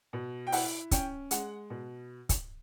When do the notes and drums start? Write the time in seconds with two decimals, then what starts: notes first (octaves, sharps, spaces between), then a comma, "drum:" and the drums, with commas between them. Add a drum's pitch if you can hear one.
0.13 B2
0.47 G5
0.52 E4 F#5, drum: open hi-hat
0.91 C#4 G5, drum: kick, hi-hat
1.31 G#3 F#5, drum: hi-hat
1.70 B2
2.29 drum: kick, hi-hat